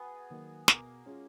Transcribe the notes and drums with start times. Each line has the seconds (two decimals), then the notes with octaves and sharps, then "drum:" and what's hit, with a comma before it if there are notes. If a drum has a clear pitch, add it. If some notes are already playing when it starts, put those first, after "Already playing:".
Already playing: B3 F#4 G#4
0.30 D#3 F#3 A#3
0.68 B2 A#3, drum: snare
1.06 G#3 C#4 F4